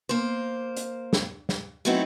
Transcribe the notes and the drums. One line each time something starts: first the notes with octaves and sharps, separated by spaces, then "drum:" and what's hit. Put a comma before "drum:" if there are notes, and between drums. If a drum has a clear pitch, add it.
A#3 C5
drum: hi-hat
drum: snare
drum: snare
F#3 A3 B3 C4 D#4 E4